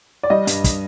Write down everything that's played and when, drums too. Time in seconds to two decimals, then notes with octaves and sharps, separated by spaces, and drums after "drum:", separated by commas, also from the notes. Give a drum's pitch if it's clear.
0.23 D5
0.30 G3 D#5
0.47 G2, drum: hi-hat
0.64 drum: kick, hi-hat